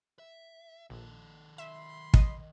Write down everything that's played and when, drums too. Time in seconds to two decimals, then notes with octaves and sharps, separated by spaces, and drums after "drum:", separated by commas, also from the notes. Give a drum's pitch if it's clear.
0.19 E5
0.90 A#1 D#3 A4
1.58 E5 B5 C6
2.14 D#5, drum: kick